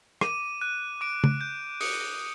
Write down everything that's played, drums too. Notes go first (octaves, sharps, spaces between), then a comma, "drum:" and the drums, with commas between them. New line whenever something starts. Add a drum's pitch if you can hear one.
D6 D#7, drum: rim click
F#6 D#7
D6 D7
drum: tom C#3
G6
D#6 C#7, drum: open hi-hat